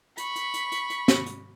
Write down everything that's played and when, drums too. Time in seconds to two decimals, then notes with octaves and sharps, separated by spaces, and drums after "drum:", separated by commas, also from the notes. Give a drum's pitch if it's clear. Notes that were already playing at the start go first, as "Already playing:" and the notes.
0.17 B5 C#6, drum: hi-hat
0.36 drum: hi-hat
0.54 drum: hi-hat
0.72 drum: hi-hat
0.90 drum: hi-hat
1.08 drum: snare
1.26 drum: hi-hat